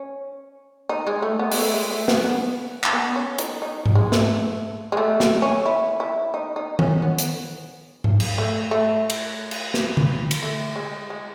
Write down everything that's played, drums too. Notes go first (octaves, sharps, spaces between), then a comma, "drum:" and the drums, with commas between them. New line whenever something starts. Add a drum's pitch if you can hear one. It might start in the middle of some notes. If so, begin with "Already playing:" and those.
Already playing: C#4
D#4
G#3
A3
B3
G#3, drum: open hi-hat
A3
G#3
A3
B3, drum: snare
B3
drum: clap
B3
C#4
D#4, drum: hi-hat
D#4
drum: tom G#2
G#3
A3, drum: snare
G#3
A3
A3, drum: snare
C#4
E4
E4
D#4
D#4
C#4, drum: tom D#3
B3
drum: hi-hat
drum: tom G#2
drum: cymbal
A3
A3
drum: cymbal
drum: cymbal
drum: snare
drum: tom D3
drum: cymbal
A3
G#3
G#3